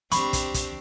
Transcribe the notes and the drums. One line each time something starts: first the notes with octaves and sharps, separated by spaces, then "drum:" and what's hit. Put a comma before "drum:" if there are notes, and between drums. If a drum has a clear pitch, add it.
C4 D4 G4 B5 C#6, drum: hi-hat
drum: kick, hi-hat
drum: kick, hi-hat